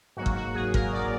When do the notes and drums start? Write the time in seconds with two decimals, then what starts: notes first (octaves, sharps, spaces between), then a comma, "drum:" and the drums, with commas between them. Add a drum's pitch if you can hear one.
0.17 G#2 F#3 A#3 F#4
0.26 drum: kick G1
0.36 F#4
0.55 G#4
0.74 A#4, drum: kick G1
0.93 D5